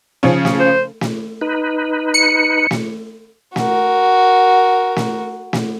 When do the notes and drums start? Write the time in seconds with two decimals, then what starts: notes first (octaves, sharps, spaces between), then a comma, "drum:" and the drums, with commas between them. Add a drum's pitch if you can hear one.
0.23 C#3 F3 C#4
0.45 drum: snare
0.60 C5
1.01 drum: snare
1.41 D#4 B4
2.14 C#7
2.71 drum: snare
3.56 F#4 A#4, drum: snare
4.96 drum: snare
5.53 drum: snare